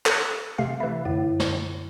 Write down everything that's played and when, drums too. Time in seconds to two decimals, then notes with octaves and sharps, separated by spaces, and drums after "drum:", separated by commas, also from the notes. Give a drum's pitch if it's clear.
0.06 A4 F#6, drum: clap
0.58 C3 A3 F5
0.80 E3 A3 F5 B5
1.05 F#2 D3 E4
1.40 drum: snare